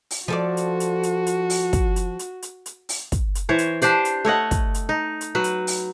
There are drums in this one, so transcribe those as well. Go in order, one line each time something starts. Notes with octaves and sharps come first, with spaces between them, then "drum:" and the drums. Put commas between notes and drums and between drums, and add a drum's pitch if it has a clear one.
drum: open hi-hat
F3 F#4 A4 D5
drum: hi-hat
drum: hi-hat
drum: hi-hat
drum: hi-hat
drum: open hi-hat
drum: kick, hi-hat
drum: hi-hat
drum: hi-hat
drum: hi-hat
drum: hi-hat
drum: open hi-hat
drum: kick, hi-hat
drum: hi-hat
E3 C5 C#5
drum: hi-hat
D4 G4 C5 D5, drum: hi-hat
drum: hi-hat
A3 C#5 D#5 F#5
drum: kick, hi-hat
drum: hi-hat
D#4
drum: hi-hat
F#3 B4
drum: hi-hat
drum: open hi-hat